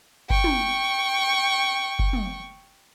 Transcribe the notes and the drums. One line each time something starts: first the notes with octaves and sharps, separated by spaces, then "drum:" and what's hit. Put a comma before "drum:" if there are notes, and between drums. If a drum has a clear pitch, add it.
G5 C#6, drum: kick F#1
drum: tom
drum: kick F#1
drum: tom